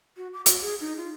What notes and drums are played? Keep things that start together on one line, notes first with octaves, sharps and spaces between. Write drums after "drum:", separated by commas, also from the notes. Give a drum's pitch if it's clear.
F#4
D6
F#4, drum: hi-hat
G#4
D#4
F4